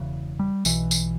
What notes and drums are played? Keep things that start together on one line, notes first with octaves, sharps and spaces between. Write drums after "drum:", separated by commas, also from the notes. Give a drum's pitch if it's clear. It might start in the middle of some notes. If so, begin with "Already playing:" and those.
Already playing: E1 E2 C#3
G3
B1 B2 E3, drum: tambourine
drum: tambourine